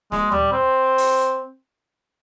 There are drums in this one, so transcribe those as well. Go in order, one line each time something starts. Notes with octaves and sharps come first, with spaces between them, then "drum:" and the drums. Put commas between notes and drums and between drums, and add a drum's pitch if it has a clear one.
G#3, drum: snare
G3, drum: tom D2
C4
drum: open hi-hat